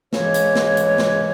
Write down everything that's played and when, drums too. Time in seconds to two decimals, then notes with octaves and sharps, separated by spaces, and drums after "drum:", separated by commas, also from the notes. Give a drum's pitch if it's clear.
0.13 C#3 E3 G#3 C#5, drum: snare
0.34 drum: hi-hat
0.56 drum: snare
0.77 drum: hi-hat
0.98 drum: snare